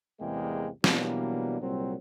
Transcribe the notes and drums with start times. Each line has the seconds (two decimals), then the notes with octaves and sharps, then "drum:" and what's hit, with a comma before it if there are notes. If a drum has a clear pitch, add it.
0.20 A1 E2 C3 G#3 A#3 G5
0.84 B2 E3 F#3 G3 A#3 D4, drum: snare
1.61 C2 A#2 F#3 C4